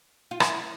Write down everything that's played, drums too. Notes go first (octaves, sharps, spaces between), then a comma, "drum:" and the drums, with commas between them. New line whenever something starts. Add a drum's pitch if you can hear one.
F4
E4, drum: rim click